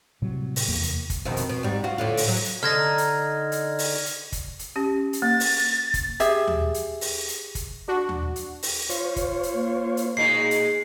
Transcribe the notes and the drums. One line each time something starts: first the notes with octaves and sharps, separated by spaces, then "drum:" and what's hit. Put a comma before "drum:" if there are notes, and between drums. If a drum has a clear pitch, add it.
A2 C3 F#3 G3
drum: open hi-hat
F1 E2 A#3
drum: hi-hat
drum: kick, hi-hat
F2 B2 D#3
drum: hi-hat
B2
G#2 G3
F4 F#4
A2 D3 F4
drum: open hi-hat
F#3
drum: hi-hat
D3 D#4 F6 G#6 A#6
drum: hi-hat
drum: hi-hat
drum: open hi-hat
drum: hi-hat
drum: kick, hi-hat
drum: hi-hat
C#4 G4
drum: hi-hat
A#3 A6
drum: open hi-hat
drum: kick, hi-hat
G4 G#4 E5, drum: hi-hat
drum: tom D#2
drum: hi-hat
drum: open hi-hat
drum: hi-hat
drum: kick, hi-hat
D4 F#4
drum: tom D#2
drum: hi-hat
drum: open hi-hat
F4 C5 C#5, drum: hi-hat
drum: kick, hi-hat
drum: hi-hat
A#3
drum: hi-hat
A#2 G#3 D#4 C7
drum: hi-hat